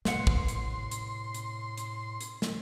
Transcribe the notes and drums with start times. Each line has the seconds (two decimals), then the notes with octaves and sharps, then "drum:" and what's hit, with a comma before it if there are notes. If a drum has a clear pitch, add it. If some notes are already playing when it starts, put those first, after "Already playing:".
0.05 A2 C3 B4 F#5 C6, drum: snare
0.27 drum: kick
0.48 drum: hi-hat
0.91 drum: hi-hat
1.34 drum: hi-hat
1.77 drum: hi-hat
2.21 drum: hi-hat
2.42 drum: snare